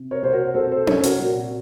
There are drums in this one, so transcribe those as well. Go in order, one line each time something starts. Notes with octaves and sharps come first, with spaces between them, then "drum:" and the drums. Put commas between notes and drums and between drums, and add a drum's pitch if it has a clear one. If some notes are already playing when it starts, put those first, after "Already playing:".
Already playing: C3
A#4 C#5
C2 C5
F#4 A#4
C2 A4 C5
A4 C5
C2 A#4 C#5, drum: tom C#4
F#4 A#4, drum: hi-hat
A#2 F#4